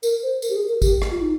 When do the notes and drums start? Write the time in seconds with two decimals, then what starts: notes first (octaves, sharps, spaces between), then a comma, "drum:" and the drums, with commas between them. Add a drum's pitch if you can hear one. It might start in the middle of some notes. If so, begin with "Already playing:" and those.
0.03 A#4, drum: tambourine
0.23 C5
0.42 A#4, drum: tambourine
0.50 G4
0.55 G#4
0.69 A#4
0.82 G4, drum: kick, tambourine
1.02 drum: rim click
1.11 F4
1.21 D#4